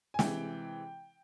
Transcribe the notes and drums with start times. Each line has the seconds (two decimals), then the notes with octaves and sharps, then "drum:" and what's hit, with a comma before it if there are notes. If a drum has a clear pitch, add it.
0.14 G#5
0.19 C3 E3 G#3 G5, drum: snare